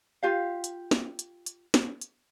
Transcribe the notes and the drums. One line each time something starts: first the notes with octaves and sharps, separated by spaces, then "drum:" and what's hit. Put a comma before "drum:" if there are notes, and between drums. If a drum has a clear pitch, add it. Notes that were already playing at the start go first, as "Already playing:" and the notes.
F4 G4 F5
drum: hi-hat
drum: snare
drum: hi-hat
drum: hi-hat
drum: snare
drum: hi-hat